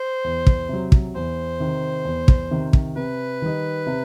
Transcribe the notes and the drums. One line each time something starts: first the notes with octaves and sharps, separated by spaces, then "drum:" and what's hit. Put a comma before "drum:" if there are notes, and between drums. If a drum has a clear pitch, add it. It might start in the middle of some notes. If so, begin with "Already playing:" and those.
Already playing: C5
E2
drum: kick
C3 F#3
drum: kick
E2 C5
C3 D#3
E2
drum: kick
C3 D#3
drum: kick
C3 B4
D#3 G3 D#4
C3